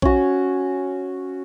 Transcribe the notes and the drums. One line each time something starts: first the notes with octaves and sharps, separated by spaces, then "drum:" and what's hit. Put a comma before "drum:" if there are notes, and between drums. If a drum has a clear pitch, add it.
C#4 F#4, drum: kick A#1